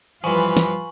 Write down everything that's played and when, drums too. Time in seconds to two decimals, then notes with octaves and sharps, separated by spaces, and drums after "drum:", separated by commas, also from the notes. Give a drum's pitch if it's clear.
0.24 G2 E3 F3 F4 B4 G#5 C#6 F#7
0.57 drum: snare